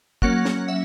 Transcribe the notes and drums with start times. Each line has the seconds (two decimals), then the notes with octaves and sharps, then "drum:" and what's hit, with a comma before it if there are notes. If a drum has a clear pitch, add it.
0.22 F#3 A#3 C#4 F#5, drum: kick
0.45 drum: snare
0.68 E5